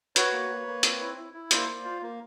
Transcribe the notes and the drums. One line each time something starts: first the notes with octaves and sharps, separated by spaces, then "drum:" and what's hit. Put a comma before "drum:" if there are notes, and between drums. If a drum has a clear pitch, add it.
F#4 B4 C#5, drum: hi-hat
A#3
A#3
A#3
C4, drum: hi-hat
E4
E4
E4
A#3 C5 D5, drum: hi-hat
A#3
F4
A#3